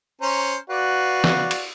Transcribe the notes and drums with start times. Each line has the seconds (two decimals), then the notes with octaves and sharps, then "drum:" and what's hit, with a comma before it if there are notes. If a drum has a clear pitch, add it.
0.22 C#4 C5 A#5
0.70 F#4 B4 D5 F5
1.24 drum: snare
1.51 drum: cymbal